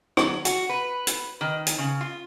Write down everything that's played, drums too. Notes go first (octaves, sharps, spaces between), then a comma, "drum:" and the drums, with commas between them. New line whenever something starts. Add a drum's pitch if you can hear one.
F#3, drum: rim click
F#4, drum: hi-hat
B4
drum: hi-hat
D#3
drum: hi-hat
C#3
F4